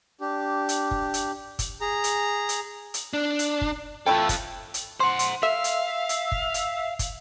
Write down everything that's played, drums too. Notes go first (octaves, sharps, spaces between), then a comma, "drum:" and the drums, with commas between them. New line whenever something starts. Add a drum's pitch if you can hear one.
D4 G4
drum: hi-hat
drum: kick
drum: hi-hat
drum: kick, hi-hat
G#4 A#5
drum: hi-hat
drum: hi-hat
drum: hi-hat
D4
drum: hi-hat
drum: kick
A3 E4 F4 A4 G5
drum: kick, hi-hat
drum: hi-hat
C5 F#5 C6
drum: hi-hat
A4 E5 F5
drum: hi-hat
drum: hi-hat
drum: kick
drum: hi-hat
drum: kick, hi-hat